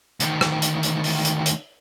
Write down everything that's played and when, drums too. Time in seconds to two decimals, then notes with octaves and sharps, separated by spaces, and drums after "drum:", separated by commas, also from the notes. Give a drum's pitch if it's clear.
0.20 D2 D#3, drum: hi-hat
0.41 drum: rim click
0.62 drum: hi-hat
0.83 drum: hi-hat
1.04 drum: open hi-hat
1.25 drum: hi-hat
1.46 drum: hi-hat